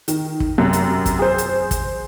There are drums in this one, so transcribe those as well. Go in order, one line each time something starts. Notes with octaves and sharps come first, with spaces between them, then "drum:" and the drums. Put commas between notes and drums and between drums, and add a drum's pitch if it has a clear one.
D#3, drum: hi-hat
drum: kick
F#2 C3
drum: hi-hat
drum: kick, hi-hat
G#4 C5
drum: hi-hat
drum: kick, hi-hat